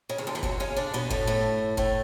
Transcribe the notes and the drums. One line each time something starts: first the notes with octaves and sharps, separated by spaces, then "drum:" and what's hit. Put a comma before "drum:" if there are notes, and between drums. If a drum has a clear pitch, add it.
C#3
E2 E3
D2 D3
E2 E3
F#2 F#3, drum: kick F#1
C#3 C#4
D3 D4
B2 B3
A2 A3, drum: kick F#1
A2 A3
A2 A3, drum: kick F#1